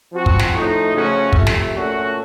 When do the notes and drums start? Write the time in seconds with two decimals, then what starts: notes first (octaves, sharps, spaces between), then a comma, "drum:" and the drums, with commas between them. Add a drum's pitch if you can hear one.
0.13 F3 C4 F#4
0.26 drum: kick
0.39 drum: snare
0.53 A2 F3 A3 D#4
0.93 C#3 F3 A3 C#4 F#4
1.33 C3 F3 A3, drum: kick
1.47 drum: snare
1.74 A#2 A3 C#4 F#4